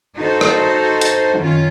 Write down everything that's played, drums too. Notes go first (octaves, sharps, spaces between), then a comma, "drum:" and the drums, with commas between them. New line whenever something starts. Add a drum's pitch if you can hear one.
D#4 F#4 A4 C5
drum: rim click
drum: hi-hat
F#2 D#3 C#4 F4